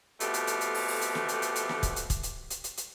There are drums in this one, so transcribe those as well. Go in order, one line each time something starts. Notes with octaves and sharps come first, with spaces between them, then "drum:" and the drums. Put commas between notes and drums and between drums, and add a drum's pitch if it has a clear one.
F2 B2 A3 G4, drum: hi-hat
drum: hi-hat
drum: hi-hat
drum: hi-hat
drum: open hi-hat
drum: open hi-hat
drum: hi-hat
drum: snare
drum: hi-hat
drum: hi-hat
drum: hi-hat
drum: snare
drum: kick, hi-hat
drum: hi-hat
drum: kick, hi-hat
drum: hi-hat
drum: hi-hat
drum: hi-hat
drum: hi-hat